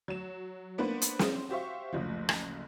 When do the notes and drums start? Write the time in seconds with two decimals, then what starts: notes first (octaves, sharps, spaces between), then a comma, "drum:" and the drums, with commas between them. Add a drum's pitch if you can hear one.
0.08 F#3 E7
0.78 A#3 B3 D4 B4 C5
1.02 drum: hi-hat
1.19 C5, drum: snare
1.49 F#4 G4 C5 E5 F5 C#6
1.93 F#1 D2 F3
2.29 drum: rim click